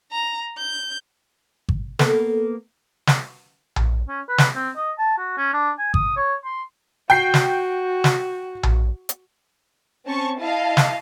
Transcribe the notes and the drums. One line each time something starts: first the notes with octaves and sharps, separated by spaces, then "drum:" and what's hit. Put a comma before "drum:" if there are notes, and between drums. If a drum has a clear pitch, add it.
A#5
G6
drum: kick G#1
A#3 B3 A4, drum: snare
drum: snare
drum: tom A#1
C#4
B4
drum: snare
C4
D#5
A5
F#4
C#4
D4
G#5
D#6, drum: kick G#1
C#5
C6
F#4 G5 G6 C7
drum: snare
drum: snare
drum: tom A#1
drum: hi-hat
C4 C#4 A5 C#6
E4 D#5 F5 A5
drum: snare